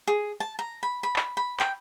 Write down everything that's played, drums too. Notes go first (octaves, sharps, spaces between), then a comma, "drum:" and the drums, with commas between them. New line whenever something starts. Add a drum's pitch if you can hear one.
G#4
A5
A#5
B5
B5
drum: clap
B5
G5, drum: clap